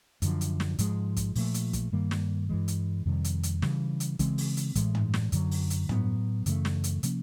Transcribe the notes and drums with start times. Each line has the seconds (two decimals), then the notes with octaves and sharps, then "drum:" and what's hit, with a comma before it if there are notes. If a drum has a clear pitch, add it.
0.22 F#2 D3 F3, drum: hi-hat
0.41 drum: hi-hat
0.60 drum: snare
0.79 G#2 F3 G#3, drum: hi-hat
1.16 drum: kick, hi-hat
1.35 A#2 F3 A3, drum: open hi-hat
1.54 drum: hi-hat
1.73 drum: kick, hi-hat
1.92 G2 D#3 G3 A#3
2.11 drum: snare
2.49 G2 E3 G#3
2.68 drum: hi-hat
3.06 F2 C3 D#3 G3
3.24 drum: hi-hat
3.43 drum: hi-hat
3.62 C#3 E3 G3, drum: snare
4.00 drum: hi-hat
4.19 C#3 E3 G#3 C4, drum: kick, hi-hat
4.38 drum: open hi-hat
4.57 drum: hi-hat
4.75 A2 E3 G#3, drum: kick, hi-hat
4.95 drum: tom
5.14 drum: snare
5.32 F#2 D3 F#3, drum: hi-hat
5.51 drum: open hi-hat
5.70 drum: hi-hat
5.89 A2 F#3 B3, drum: tom
6.46 F#2 C#3 E3 A3, drum: hi-hat
6.65 drum: snare
6.84 drum: hi-hat
7.03 C3 F3 A#3 C#4, drum: hi-hat